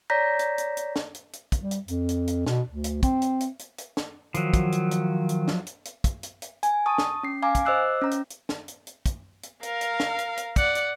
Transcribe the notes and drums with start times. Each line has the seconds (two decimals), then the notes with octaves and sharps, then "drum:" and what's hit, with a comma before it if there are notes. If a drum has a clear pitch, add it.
0.10 C#5 D5 A#5 G6 A#6 B6
0.39 drum: hi-hat
0.58 drum: hi-hat
0.77 drum: hi-hat
0.96 drum: snare
1.14 drum: hi-hat
1.33 drum: hi-hat
1.52 drum: kick, hi-hat
1.61 G3
1.71 drum: hi-hat
1.88 F2, drum: hi-hat
2.09 drum: hi-hat
2.27 drum: hi-hat
2.46 B2, drum: snare
2.69 D2
2.84 drum: hi-hat
3.03 C4, drum: kick, hi-hat
3.22 drum: hi-hat
3.41 drum: hi-hat
3.59 drum: hi-hat
3.78 drum: hi-hat
3.97 drum: snare
4.34 D#3 F3 F#3, drum: hi-hat
4.54 drum: kick, hi-hat
4.72 drum: hi-hat
4.91 drum: hi-hat
5.29 drum: hi-hat
5.48 drum: snare
5.67 drum: hi-hat
5.85 drum: hi-hat
6.04 drum: kick, hi-hat
6.23 drum: hi-hat
6.42 drum: hi-hat
6.63 G#5, drum: hi-hat
6.86 A5 C#6 D#6
6.98 drum: snare
7.23 C#4 C7
7.42 F5 G#5 A#5 D6
7.55 drum: kick, hi-hat
7.65 C5 D#5 D6 E6 F#6 C7
8.02 C#4 A#5
8.11 drum: hi-hat
8.30 drum: hi-hat
8.49 drum: snare
8.68 drum: hi-hat
8.87 drum: hi-hat
9.06 drum: kick, hi-hat
9.43 drum: hi-hat
9.63 A#4 F5, drum: hi-hat
9.81 drum: hi-hat
10.00 drum: snare
10.19 drum: hi-hat
10.37 drum: hi-hat
10.56 D5 F#5, drum: kick, hi-hat
10.75 drum: hi-hat